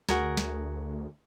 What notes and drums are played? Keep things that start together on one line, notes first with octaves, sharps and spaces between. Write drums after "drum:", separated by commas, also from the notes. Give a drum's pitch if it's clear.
D2 F#4 G#4 A#4, drum: snare
drum: snare